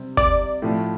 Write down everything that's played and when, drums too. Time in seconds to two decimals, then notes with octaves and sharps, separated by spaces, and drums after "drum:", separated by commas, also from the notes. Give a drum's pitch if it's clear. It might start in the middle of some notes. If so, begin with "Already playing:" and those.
Already playing: C3 G3 C4
0.17 D5, drum: kick
0.62 A2 F3 A3